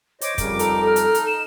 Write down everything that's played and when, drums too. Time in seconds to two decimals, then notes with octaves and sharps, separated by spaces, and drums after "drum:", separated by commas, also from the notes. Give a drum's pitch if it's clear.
0.21 C5 C#5 D#5 D6, drum: hi-hat
0.38 F2 C#3 G3 A#4, drum: kick, hi-hat
0.59 D#4 A4, drum: hi-hat
0.86 F6
0.96 drum: hi-hat
1.15 drum: hi-hat
1.26 E7